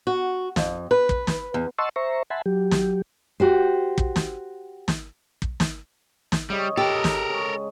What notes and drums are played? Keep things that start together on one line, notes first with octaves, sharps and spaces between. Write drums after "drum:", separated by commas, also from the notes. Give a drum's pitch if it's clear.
F#4
F2, drum: snare
B4
drum: kick
drum: snare
E2
D#5 F#5 A5 C6 C#6 E6
C5 E5 A#5 C#6
E5 F#5 G#5 A5 B5 C6
F#3 G4
drum: snare
F#4 G4 C5
drum: kick
drum: snare
drum: snare
drum: kick
drum: snare
drum: snare
C#3 G3 D#5 C#6
G4 A4 A#4 A#5
drum: snare
G#3 C#4